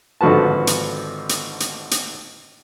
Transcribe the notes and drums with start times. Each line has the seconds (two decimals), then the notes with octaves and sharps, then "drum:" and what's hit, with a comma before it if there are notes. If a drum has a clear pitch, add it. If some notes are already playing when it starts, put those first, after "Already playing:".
0.21 G#1 D3 F3 F#4 B4 A5
0.67 drum: hi-hat
1.29 drum: hi-hat
1.60 drum: hi-hat
1.91 drum: hi-hat